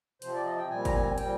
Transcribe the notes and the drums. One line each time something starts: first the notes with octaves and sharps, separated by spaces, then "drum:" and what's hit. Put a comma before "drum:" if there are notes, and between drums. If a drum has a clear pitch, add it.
C3 F3 C4 C5, drum: hi-hat
D5
D#5
G5
A#2 G3 C4 G#5
A#5, drum: kick G1, hi-hat
G#5
A#2 G3 C4 G5, drum: hi-hat